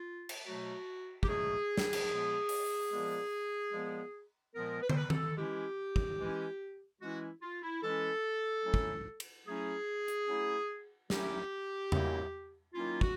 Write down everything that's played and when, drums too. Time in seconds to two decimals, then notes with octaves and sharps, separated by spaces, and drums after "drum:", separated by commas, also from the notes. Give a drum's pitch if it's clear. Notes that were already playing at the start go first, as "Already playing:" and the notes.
Already playing: F4
0.29 drum: cymbal
0.45 B2 F#3 A3 F#4
1.23 G4, drum: kick
1.27 B2 F#3 A3 G#4
1.77 drum: snare
1.93 drum: cymbal
2.10 A#2 F3 G#3 B3
2.49 drum: open hi-hat
2.91 A#2 F3 G#3 B3
3.73 A#2 F3 G#3 B3
4.55 A#2 F3 G#3 B3 A#4
4.82 B4
4.90 C5, drum: tom
4.97 B4
5.10 A4, drum: tom D#3
5.37 E3 G#3 C#4 E4 G4
5.96 drum: kick
6.19 E3 G#3 C#4 E4
7.01 E3 G#3 C#4 E4 F#4
7.42 F4
7.63 E4
7.83 E3 G#3 C#4 E4 A4
8.64 F#3 A3 C#4 E4
8.74 drum: kick
9.20 drum: cymbal
9.46 F#3 A3 C#4 E4 G#4
10.08 drum: hi-hat
10.28 F#3 A3 C#4 E4
11.10 F#3 A3 C#4 E4 G4, drum: snare
11.92 D#3 F#3 A#3 C#4 E4, drum: tom E2
12.74 D#3 F#3 A#3 C#4 E4 F4
13.01 F#4, drum: kick